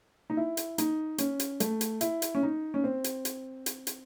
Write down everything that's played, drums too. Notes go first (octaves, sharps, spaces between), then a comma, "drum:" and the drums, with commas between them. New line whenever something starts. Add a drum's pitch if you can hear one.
D#4
E4
drum: hi-hat
D#4, drum: hi-hat
C#4, drum: hi-hat
drum: hi-hat
A3, drum: hi-hat
drum: hi-hat
E4, drum: hi-hat
drum: hi-hat
C#4
D#4
C#4
C4
drum: hi-hat
drum: hi-hat
drum: hi-hat
drum: hi-hat